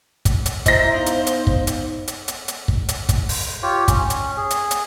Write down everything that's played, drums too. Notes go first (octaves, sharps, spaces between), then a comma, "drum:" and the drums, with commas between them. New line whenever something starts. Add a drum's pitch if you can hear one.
drum: kick, hi-hat
drum: hi-hat
E4 C5 D#5 E5 A#5 A#6, drum: kick, hi-hat
B3 D#4 F5
drum: hi-hat
drum: hi-hat
drum: kick
drum: hi-hat
drum: hi-hat
drum: hi-hat
drum: hi-hat
drum: kick
drum: hi-hat
drum: kick, hi-hat
drum: open hi-hat
F4 G4 C#5
C#4, drum: kick, hi-hat
drum: hi-hat
G#4
drum: hi-hat
drum: hi-hat